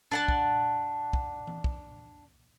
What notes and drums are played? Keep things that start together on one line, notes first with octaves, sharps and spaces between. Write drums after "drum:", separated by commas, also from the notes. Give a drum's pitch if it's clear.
D4 F#5 A5, drum: tom
drum: kick
drum: kick
drum: tom E3
drum: kick